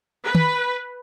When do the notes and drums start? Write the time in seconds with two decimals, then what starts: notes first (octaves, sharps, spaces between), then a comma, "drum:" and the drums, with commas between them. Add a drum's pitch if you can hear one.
0.24 B4
0.35 drum: tom